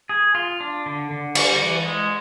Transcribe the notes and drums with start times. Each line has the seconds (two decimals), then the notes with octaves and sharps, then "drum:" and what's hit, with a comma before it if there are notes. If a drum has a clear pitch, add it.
0.09 G#4
0.35 F4
0.60 D4
0.86 D3
1.11 D3
1.35 G3, drum: cymbal
1.61 E3
1.86 G#3